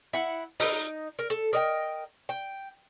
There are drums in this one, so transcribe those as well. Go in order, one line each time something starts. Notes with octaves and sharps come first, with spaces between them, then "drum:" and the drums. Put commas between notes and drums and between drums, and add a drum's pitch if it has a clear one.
E4 F#5
D#4, drum: open hi-hat
A#4
A4
A#4 D#5 G5
G5